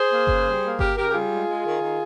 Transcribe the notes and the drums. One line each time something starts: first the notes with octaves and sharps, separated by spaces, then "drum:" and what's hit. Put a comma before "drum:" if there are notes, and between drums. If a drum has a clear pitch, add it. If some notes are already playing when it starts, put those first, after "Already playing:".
Already playing: G#4 C5
A#3
C#3, drum: kick G1
G3
A#3
C#3 G4 A#4, drum: kick G1
C#3 G4 A#4
G4
G3 F4 G#4
G#3
G#3
D#3
D#3